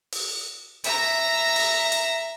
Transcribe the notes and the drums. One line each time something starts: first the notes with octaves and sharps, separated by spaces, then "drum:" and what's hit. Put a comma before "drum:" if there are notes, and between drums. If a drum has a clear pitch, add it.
drum: open hi-hat
E5 A#5, drum: hi-hat
drum: open hi-hat
drum: hi-hat